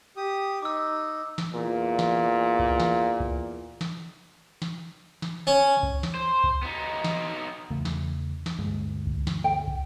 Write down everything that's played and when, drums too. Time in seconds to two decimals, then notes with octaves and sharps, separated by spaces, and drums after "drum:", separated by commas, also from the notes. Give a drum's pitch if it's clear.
0.17 G4 D#6
0.63 D#4 D6 E6
1.38 drum: snare
1.53 E2 A#2
1.99 drum: snare
2.59 drum: kick
2.80 drum: snare
3.20 drum: kick
3.81 drum: snare
4.62 drum: snare
5.22 drum: snare
5.47 C#4
5.83 drum: kick
6.03 drum: snare
6.15 C5
6.44 drum: kick
6.63 B3 D#4
7.04 drum: snare
7.70 E2 C#3 A3
7.85 drum: snare
8.46 drum: snare
8.58 D2 G2 G#3
9.07 drum: kick
9.27 drum: snare
9.44 G5
9.67 drum: kick